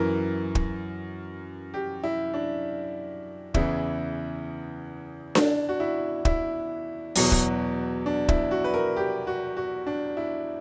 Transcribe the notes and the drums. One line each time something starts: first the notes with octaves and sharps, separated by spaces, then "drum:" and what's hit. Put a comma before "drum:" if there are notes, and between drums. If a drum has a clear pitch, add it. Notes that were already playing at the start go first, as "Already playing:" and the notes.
Already playing: F#2 E3 A#4
drum: kick
G4
E4
D4
E2 C#3 E3 E4, drum: kick
D4, drum: snare D4
F#4
E4
E4, drum: kick
E2 B2 F#3, drum: open hi-hat
drum: kick
D4
E4, drum: kick
F#4
B4
A#4
G4
F#4
F#4
D4
E4